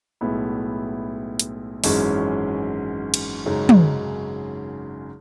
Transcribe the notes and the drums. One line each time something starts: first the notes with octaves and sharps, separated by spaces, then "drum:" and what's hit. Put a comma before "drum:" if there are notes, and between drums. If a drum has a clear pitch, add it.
B1 A2 G#3 B3 E4
drum: hi-hat
G#1 F#2 E3 G#3 C#4, drum: open hi-hat
drum: cymbal
G#1 F#2 C#3 G#3 D#4
drum: tom